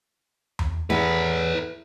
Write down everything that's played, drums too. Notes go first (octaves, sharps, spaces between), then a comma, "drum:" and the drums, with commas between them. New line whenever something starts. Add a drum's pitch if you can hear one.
drum: tom E2
E2 A4 B4